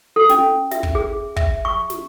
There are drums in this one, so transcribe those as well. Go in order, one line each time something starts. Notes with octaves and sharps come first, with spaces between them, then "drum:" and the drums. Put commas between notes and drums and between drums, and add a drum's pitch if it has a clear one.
A4
C#4, drum: snare
E5, drum: snare
drum: kick
G#4
E5, drum: kick
C#6
drum: snare